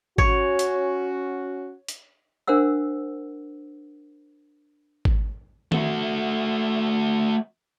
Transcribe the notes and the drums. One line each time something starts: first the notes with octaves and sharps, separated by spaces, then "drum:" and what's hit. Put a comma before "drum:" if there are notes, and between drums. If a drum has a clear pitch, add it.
C#4 F#4 C#5, drum: kick G#1
drum: hi-hat
drum: hi-hat
D4 A#4 C5 F#5 E6
drum: kick G#1
A3 F#4, drum: tom D#3